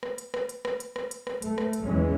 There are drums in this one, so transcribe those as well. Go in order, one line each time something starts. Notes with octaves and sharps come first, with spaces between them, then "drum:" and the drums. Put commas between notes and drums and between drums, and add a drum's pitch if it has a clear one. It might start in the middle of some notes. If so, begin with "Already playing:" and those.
drum: rim click
drum: hi-hat
drum: rim click
drum: hi-hat
drum: rim click
drum: hi-hat
drum: rim click
drum: hi-hat
drum: rim click
A3, drum: hi-hat
drum: rim click
drum: hi-hat
E2 E3 G#3 C#4